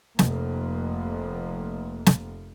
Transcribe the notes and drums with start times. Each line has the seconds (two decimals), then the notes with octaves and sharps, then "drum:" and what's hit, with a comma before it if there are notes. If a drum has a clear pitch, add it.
0.19 F1 F2 A#3, drum: snare
2.06 drum: snare